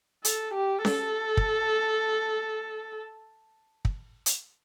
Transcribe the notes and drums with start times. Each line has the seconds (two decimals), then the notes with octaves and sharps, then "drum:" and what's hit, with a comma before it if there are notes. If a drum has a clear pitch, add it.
0.25 A4, drum: hi-hat
0.54 G4
0.85 A4, drum: snare C#4
1.37 drum: kick
3.85 drum: kick
4.26 drum: hi-hat